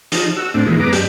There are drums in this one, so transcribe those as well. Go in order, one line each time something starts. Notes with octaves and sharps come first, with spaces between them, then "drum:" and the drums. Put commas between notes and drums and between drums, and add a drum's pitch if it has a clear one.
F3 D#4, drum: hi-hat
F#4 E6
A2 C4 D4
A#2 D#3 E3 G#3
F#2 G#3 B3 A#5 D6
F#2 G4, drum: hi-hat